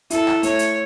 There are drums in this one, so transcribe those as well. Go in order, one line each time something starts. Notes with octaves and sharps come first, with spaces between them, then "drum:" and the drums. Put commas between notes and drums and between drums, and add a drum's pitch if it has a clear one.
E4 A4, drum: hi-hat
drum: rim click
A3 C#5, drum: hi-hat
drum: hi-hat